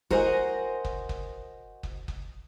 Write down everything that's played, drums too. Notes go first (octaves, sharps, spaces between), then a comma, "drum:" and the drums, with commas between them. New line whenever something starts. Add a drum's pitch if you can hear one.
F#4 A#4 C5 D#5 F#5 G#5, drum: kick
drum: kick
drum: kick
drum: kick
drum: kick